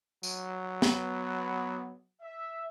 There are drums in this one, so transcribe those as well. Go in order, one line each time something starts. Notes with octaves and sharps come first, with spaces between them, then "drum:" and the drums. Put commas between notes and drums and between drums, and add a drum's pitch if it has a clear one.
F#3, drum: tambourine
B3, drum: snare
E5